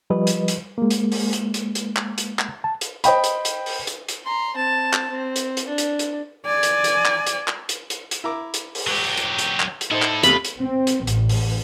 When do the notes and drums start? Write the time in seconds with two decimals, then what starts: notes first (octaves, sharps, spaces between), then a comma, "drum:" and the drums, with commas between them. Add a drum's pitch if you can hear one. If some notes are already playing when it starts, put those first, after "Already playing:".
0.10 F3 G3 B4 D#5
0.27 drum: hi-hat
0.48 drum: hi-hat
0.78 G#3 A#3
0.90 drum: hi-hat
1.12 drum: open hi-hat
1.33 drum: hi-hat
1.54 drum: hi-hat
1.75 drum: hi-hat
1.96 drum: clap
2.18 drum: hi-hat
2.39 drum: clap
2.64 A5
2.81 drum: hi-hat
3.04 C5 D#5 G5 B5, drum: hi-hat
3.24 drum: hi-hat
3.45 drum: hi-hat
3.66 drum: open hi-hat
3.87 drum: hi-hat
4.09 drum: hi-hat
4.24 A#5 C6
4.56 C4 A5
4.93 drum: clap
5.10 C4
5.36 drum: hi-hat
5.57 drum: hi-hat
5.67 D4
5.78 drum: hi-hat
5.99 drum: hi-hat
6.46 D5 G#5
6.63 drum: hi-hat
6.84 drum: hi-hat
7.05 drum: clap
7.27 drum: hi-hat
7.48 drum: clap
7.69 drum: hi-hat
7.90 drum: hi-hat
8.11 drum: hi-hat
8.24 E4 A#5 D6
8.54 drum: hi-hat
8.75 drum: open hi-hat
8.87 F#3 G4
9.17 drum: hi-hat
9.39 drum: hi-hat
9.60 drum: clap
9.81 drum: hi-hat
9.91 D#4 E4 A4 C5
10.02 drum: clap
10.23 E2 C3 A3 F4 F5 B5, drum: hi-hat
10.45 drum: hi-hat
10.60 C4
10.87 drum: hi-hat
11.07 A1, drum: hi-hat
11.29 drum: open hi-hat